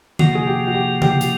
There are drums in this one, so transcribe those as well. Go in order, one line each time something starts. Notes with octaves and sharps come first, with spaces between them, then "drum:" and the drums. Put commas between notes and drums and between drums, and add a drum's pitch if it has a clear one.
C3 F3 A#3 F#4, drum: tom D3
G#4
G4
F#4
G4
G4, drum: tom C#3
G4, drum: hi-hat